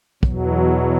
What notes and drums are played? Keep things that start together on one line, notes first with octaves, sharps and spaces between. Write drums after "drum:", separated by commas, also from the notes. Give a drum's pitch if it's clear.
E2 B2 F#3, drum: kick